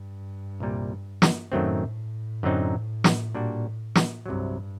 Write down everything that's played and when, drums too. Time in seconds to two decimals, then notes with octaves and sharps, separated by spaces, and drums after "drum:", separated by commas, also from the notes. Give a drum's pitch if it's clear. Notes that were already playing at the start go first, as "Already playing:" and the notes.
Already playing: G2
0.60 C2 A#2 G3
1.22 drum: snare
1.52 F#2 A2 D#3 F#3 A3 C4
2.43 F#2 D3 F#3 C4 D#4
3.04 drum: snare
3.35 A#2 G3 D4 F#4
3.95 drum: snare
4.26 C2 G2 C3 F#3